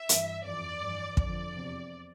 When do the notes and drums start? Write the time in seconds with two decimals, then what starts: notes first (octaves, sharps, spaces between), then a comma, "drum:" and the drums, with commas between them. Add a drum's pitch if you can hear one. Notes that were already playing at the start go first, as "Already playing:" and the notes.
Already playing: E5
0.09 G2 E3, drum: hi-hat
0.45 F2 E3 D5
0.82 G2 E3
1.17 F2 D3 F3 D5, drum: kick
1.53 E2 C3 F3